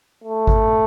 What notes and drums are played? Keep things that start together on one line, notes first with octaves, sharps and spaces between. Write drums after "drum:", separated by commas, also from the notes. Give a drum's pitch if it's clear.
A3
drum: kick G#1